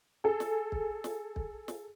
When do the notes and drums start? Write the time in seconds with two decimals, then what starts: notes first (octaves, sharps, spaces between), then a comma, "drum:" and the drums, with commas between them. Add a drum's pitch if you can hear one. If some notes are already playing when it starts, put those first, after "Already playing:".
0.24 G#4 A4
0.40 drum: snare
0.72 drum: kick
1.04 drum: snare
1.36 drum: kick
1.68 drum: snare